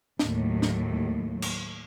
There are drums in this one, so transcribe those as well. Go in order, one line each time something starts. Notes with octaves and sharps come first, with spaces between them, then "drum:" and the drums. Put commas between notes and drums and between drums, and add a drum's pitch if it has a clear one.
D#2 A2 F#3, drum: snare
drum: snare
drum: cymbal